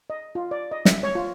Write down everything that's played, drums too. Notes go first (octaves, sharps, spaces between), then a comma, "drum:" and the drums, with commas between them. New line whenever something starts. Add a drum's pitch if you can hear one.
D#5
F4
D5
D#5
E5, drum: snare
C#5
F4